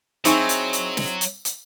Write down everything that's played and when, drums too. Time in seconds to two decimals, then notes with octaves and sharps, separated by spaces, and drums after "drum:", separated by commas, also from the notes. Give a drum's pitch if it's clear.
0.25 F#3 C4 D#4 E4 G#4 C#6, drum: hi-hat
0.49 drum: hi-hat
0.73 drum: hi-hat
0.97 drum: snare
1.21 drum: hi-hat
1.45 drum: hi-hat